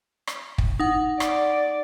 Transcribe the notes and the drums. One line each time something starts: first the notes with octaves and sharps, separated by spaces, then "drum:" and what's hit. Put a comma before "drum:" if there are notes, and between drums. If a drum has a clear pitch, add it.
drum: rim click
drum: kick
D#4 F#5
D5, drum: rim click